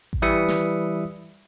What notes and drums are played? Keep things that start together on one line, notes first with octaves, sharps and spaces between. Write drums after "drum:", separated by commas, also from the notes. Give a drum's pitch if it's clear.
drum: kick A1
E3 G3 B4 E5 D#6 C#7
drum: snare